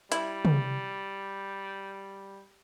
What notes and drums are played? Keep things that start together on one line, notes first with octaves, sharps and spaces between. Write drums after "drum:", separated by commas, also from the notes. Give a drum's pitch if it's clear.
G3 E4, drum: hi-hat
drum: tom